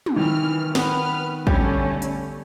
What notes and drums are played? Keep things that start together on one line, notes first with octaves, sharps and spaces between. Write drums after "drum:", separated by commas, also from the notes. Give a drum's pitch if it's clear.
drum: tom
D#3 E3 F6
B3 B4 F6, drum: snare
D3 G3 A3 C#4, drum: kick
drum: hi-hat